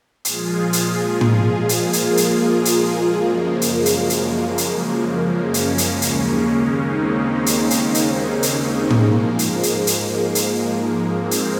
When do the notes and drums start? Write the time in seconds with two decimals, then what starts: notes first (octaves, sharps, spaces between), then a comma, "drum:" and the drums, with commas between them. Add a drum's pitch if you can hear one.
0.25 A#2 F3 G#3 F4 G#4, drum: hi-hat
0.73 drum: hi-hat
1.21 drum: tom A2
1.69 A#3, drum: hi-hat
1.93 drum: hi-hat
2.17 drum: hi-hat
2.65 drum: hi-hat
3.13 F#2 C#3 F3 G#3 A#3
3.62 drum: hi-hat
3.86 drum: hi-hat
4.10 drum: hi-hat
4.58 drum: hi-hat
5.30 A#3 C#4
5.54 drum: hi-hat
5.78 drum: hi-hat
6.02 D#2 C#3 G#3, drum: hi-hat
6.74 C4 D#4
7.46 drum: hi-hat
7.70 drum: hi-hat
7.94 drum: hi-hat
8.19 A#3
8.43 drum: hi-hat
8.90 G#2 F3 G#3, drum: tom A2
9.39 drum: hi-hat
9.63 G#3, drum: hi-hat
9.87 drum: hi-hat
10.35 drum: hi-hat
11.07 G#3 C4
11.31 drum: hi-hat